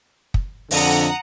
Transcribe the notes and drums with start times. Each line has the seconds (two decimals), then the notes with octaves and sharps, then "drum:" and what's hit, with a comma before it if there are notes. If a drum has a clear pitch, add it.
0.34 drum: kick
0.71 F2 D3 F#5 A#5 D#6, drum: open hi-hat